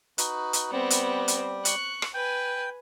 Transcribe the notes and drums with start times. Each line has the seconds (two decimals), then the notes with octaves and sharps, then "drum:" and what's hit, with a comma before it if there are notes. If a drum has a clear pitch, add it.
0.18 D#4 F#4 B4, drum: hi-hat
0.53 drum: hi-hat
0.72 G3 B3 C4
0.90 drum: hi-hat
1.28 drum: hi-hat
1.65 C#6 F#6, drum: hi-hat
2.02 drum: rim click
2.14 B4 G5 G#5